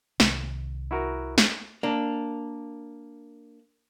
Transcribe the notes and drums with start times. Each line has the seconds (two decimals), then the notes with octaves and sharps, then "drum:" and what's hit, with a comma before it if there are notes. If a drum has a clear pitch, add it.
0.20 C2 C3 D#3, drum: snare
0.91 E4 F#4 A#4
1.38 drum: snare
1.83 A#3 D4